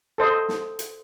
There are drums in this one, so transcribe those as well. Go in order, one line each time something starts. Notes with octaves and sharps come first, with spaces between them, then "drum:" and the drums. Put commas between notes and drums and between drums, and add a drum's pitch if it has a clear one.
A4 C5 D#5
drum: snare
drum: hi-hat